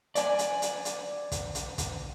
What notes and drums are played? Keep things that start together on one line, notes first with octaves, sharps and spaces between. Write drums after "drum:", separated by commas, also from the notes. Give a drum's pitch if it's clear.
D5 G#5, drum: hi-hat
drum: hi-hat
drum: hi-hat
drum: hi-hat
drum: kick, hi-hat
drum: hi-hat
drum: kick, hi-hat